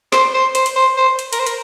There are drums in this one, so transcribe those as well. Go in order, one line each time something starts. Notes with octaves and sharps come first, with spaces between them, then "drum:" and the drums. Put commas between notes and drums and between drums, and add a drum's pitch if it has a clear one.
C5, drum: snare
C5
C5, drum: hi-hat
drum: hi-hat
C5
C5
drum: hi-hat
A#4, drum: hi-hat
C5
A#4, drum: hi-hat